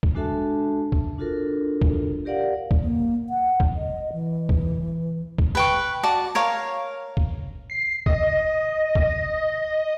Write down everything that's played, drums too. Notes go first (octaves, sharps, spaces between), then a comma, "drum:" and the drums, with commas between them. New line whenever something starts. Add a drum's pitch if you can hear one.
drum: kick
G#3 D4 F#4 A4 E5 A5
drum: kick
D4 F4 F#4 A4 A#4
drum: kick
G4 A#4 D5 F5 F#5
drum: kick
A#3
F#5
drum: kick
D#5
E3
drum: kick
drum: kick
B4 G5 C#6
F#4 D5 A5
A#4 C#5 F5
drum: kick
C7
D#5, drum: kick
drum: kick